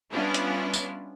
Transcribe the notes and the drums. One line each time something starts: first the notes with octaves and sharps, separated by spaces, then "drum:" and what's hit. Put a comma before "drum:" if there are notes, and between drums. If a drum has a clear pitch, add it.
G3 B3 C#4 D4 E4 F4
drum: hi-hat
drum: tambourine